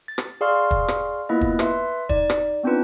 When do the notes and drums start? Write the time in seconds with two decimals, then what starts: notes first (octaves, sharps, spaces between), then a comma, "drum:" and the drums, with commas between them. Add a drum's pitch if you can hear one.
0.08 A6
0.18 drum: rim click
0.41 G#4 D5 F5 C6 C#6 F6
0.71 drum: kick
0.88 drum: rim click
1.29 A#3 B3 E4 F4 B4 D#5
1.41 drum: kick
1.59 B4 E5 C6, drum: rim click
2.09 D#4 D5, drum: kick
2.30 drum: rim click
2.64 B3 C4 D4 D#4 F4 B4